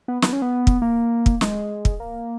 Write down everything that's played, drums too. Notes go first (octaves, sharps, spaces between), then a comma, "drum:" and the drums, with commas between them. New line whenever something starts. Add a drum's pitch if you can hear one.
B3
B3, drum: snare
C#4
B3
drum: kick
A#3
drum: kick
G#3, drum: snare
drum: kick
A#3